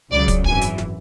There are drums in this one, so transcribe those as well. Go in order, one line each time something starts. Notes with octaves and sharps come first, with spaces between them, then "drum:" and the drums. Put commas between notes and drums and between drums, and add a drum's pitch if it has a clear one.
C#2 C#3 F#3 D5
drum: kick, hi-hat
G#1 F#2 E3 G#5, drum: kick
drum: hi-hat
drum: snare